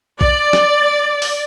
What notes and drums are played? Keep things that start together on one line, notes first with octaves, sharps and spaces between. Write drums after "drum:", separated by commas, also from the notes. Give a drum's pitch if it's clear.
D5, drum: kick
drum: snare
drum: open hi-hat